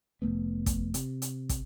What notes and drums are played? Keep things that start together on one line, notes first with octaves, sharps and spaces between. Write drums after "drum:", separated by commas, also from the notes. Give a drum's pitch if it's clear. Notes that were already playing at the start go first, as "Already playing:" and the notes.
F1 A2 A3 B3
drum: kick, hi-hat
C3, drum: hi-hat
drum: hi-hat
drum: kick, hi-hat